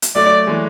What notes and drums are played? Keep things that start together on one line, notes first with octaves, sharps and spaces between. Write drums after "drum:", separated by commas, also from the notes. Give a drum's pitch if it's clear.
drum: hi-hat
F#3 A3 D5
E3 G#3